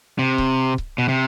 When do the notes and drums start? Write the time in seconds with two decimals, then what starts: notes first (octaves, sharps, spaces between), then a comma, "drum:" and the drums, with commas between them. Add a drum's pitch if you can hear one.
0.19 C3
0.38 drum: kick C#1
0.78 drum: kick C#1
0.98 B2
1.09 C3